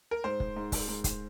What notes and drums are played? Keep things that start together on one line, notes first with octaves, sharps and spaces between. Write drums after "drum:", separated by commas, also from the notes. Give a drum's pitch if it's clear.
A#4
G#2 C5
drum: kick
G#2
drum: kick, open hi-hat
G#2
drum: kick, hi-hat